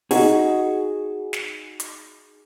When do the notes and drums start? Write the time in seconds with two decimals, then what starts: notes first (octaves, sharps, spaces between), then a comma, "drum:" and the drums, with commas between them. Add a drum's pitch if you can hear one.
0.11 D#4 F#4 G#4, drum: open hi-hat
1.33 drum: snare
1.80 drum: hi-hat